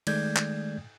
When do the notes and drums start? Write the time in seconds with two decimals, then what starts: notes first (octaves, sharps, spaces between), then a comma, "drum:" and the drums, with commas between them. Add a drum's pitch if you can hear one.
0.07 D#3 G#3 A3 D5 G6 G#6, drum: cymbal
0.36 drum: clap